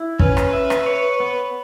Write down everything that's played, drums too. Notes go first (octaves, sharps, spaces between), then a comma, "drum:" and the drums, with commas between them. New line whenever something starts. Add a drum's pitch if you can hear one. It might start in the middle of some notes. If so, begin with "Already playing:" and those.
Already playing: E4
C#4 B4, drum: kick
drum: rim click
E5
drum: rim click
C#5
B3